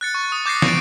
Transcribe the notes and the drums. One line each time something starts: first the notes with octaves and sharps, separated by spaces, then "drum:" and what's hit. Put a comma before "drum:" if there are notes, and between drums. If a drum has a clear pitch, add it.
F#6 A6 C#7
C#6
D#6
D6 G6 A6 A#6 C7 C#7
F#6 D7, drum: snare